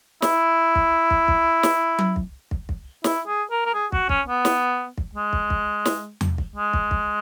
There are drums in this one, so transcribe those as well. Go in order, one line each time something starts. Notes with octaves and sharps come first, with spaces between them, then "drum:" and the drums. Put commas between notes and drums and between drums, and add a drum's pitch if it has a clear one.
E4, drum: snare
drum: kick
drum: kick
drum: kick
drum: snare
drum: tom F#3
drum: kick
drum: kick
drum: kick
E4, drum: snare
G#4
A#4
A#4
G#4
F#4, drum: kick
C#4, drum: kick
B3
drum: snare
drum: kick
G#3
drum: kick
drum: kick
drum: snare
drum: tom E2
drum: kick
G#3
drum: kick
drum: kick